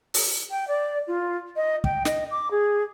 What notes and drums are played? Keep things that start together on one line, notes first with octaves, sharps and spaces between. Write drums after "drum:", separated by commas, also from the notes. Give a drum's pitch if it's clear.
drum: open hi-hat
G5
D5
F4
D#5
G5, drum: kick
D#5, drum: snare
D6
G#4